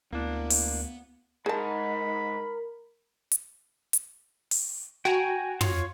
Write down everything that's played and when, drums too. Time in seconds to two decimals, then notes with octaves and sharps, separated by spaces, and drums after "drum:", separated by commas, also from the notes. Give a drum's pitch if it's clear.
0.13 D2 A#3 B3 D4 E4
0.50 drum: open hi-hat
1.46 G#2 G#4 A#4 A5 B5
3.32 drum: hi-hat
3.93 drum: hi-hat
4.51 drum: open hi-hat
5.05 F#4 G5 G#5 A#5
5.61 F4 C#5, drum: tom